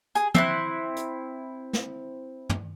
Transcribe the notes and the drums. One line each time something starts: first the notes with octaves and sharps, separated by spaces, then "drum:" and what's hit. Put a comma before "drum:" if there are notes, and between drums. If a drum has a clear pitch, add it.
G#4, drum: hi-hat
C4 E4 F#6, drum: tom
drum: hi-hat
drum: snare
drum: tom